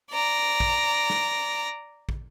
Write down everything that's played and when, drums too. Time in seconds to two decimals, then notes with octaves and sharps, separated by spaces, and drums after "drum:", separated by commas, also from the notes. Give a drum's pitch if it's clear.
0.11 D5 A#5
0.60 drum: kick
1.10 drum: snare
2.09 drum: kick